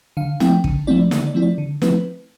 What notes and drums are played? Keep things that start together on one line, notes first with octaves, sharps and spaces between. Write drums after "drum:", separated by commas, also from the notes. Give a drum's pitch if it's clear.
D3 F5
F3 A3 C4 E4 G5, drum: snare
D3, drum: kick
F3 A3 C4 E4 D5
D3 D5, drum: snare
D5
F3 A3 C4 E4
D5
D3
F3 A3 C4 E4 B4, drum: snare